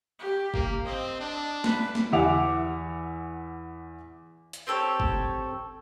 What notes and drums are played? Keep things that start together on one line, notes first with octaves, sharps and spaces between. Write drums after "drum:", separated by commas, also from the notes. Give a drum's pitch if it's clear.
G4
A#3, drum: kick F#1
C4 D#5
D4
B4, drum: snare
drum: snare
E2 E5 F#5 D6 F7
drum: hi-hat
C4 G4 A4 C#5
drum: kick F#1